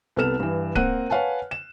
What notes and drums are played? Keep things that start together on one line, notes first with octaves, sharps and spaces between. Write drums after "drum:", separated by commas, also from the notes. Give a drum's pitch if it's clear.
C2 B3 A4 F6 E7
G2 E3
A#3 C4 A#4 F#5 F#6 D#7, drum: kick D1
B4 C#5 F5 F#5 G#5 A5
E7